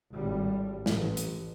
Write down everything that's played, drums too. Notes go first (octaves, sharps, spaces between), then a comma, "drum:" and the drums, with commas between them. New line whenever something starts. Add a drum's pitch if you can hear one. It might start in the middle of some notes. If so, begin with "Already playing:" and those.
G#1 A2 G3
A1, drum: snare
drum: hi-hat